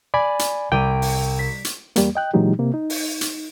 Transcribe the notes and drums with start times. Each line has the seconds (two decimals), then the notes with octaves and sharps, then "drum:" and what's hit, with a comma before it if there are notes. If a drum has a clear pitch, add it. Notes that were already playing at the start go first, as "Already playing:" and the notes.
0.14 D5 G#5 B5
0.39 drum: hi-hat
0.72 C2 G5 D6 D#7
1.02 drum: open hi-hat
1.39 B6
1.65 drum: hi-hat
1.96 E2 G3 A#3, drum: hi-hat
2.15 D#5 G5 F#6
2.34 A#2 E3 F#3 G#3 D#4 G4
2.59 C3 A#3
2.74 D#4
2.90 drum: open hi-hat
3.21 drum: hi-hat